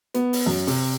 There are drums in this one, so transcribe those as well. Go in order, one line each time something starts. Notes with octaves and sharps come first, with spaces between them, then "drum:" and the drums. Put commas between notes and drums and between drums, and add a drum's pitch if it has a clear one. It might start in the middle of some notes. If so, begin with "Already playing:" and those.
B3, drum: hi-hat
drum: open hi-hat
F#2
C3, drum: open hi-hat